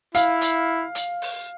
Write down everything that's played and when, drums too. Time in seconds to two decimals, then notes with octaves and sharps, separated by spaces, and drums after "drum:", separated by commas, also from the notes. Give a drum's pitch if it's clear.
0.14 E4 F5, drum: hi-hat
0.41 drum: hi-hat
0.95 drum: hi-hat
1.22 drum: open hi-hat